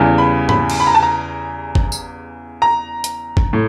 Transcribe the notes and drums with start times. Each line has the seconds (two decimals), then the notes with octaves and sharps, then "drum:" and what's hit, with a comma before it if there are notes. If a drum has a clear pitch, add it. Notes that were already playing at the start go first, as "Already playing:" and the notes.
Already playing: E2 C#3 E3 G3
0.18 B5
0.49 B5, drum: tom
0.70 drum: cymbal
0.80 B5
0.87 A#5
0.95 A5
1.03 A#5
1.75 drum: kick G1
1.92 drum: tambourine
2.62 A#5
3.04 drum: hi-hat
3.37 drum: kick G1
3.53 A2